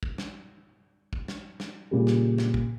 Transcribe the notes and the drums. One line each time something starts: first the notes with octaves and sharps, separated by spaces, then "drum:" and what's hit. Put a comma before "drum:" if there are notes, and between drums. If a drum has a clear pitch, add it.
drum: kick
drum: snare
drum: kick
drum: snare
drum: snare
A#2 C#3 G3
drum: snare
drum: snare
drum: kick